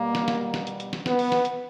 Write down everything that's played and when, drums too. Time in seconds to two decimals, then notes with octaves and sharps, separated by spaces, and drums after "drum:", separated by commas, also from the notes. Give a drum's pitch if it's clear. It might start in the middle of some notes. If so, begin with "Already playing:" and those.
Already playing: B2 G3 A#3
0.15 drum: snare
0.28 drum: snare
0.54 drum: snare
0.67 drum: hi-hat
0.80 drum: hi-hat
0.93 drum: snare
1.06 B3, drum: snare
1.19 drum: open hi-hat
1.32 drum: snare
1.45 drum: hi-hat